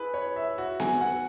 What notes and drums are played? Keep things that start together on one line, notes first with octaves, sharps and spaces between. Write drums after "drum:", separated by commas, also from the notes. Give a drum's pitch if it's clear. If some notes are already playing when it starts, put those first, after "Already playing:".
Already playing: E4 G#4 B4
C#5
E5
F#4
G#5, drum: snare B3
F#5